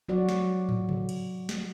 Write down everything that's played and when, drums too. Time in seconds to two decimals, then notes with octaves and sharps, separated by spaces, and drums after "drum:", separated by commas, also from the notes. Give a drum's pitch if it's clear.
0.09 F#3 F#4 D5
0.29 drum: snare
0.69 drum: tom
0.89 drum: tom C3
1.09 drum: cymbal
1.49 drum: snare